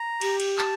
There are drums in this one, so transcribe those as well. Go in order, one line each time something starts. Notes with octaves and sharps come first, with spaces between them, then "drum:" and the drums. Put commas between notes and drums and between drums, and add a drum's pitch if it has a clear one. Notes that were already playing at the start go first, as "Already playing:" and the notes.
Already playing: A#5
G4, drum: cymbal
drum: cymbal
A5, drum: clap